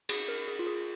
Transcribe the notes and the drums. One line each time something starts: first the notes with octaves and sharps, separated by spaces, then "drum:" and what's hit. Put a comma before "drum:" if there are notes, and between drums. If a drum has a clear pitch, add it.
G#4, drum: cymbal
A#4
G#4
F4
G#4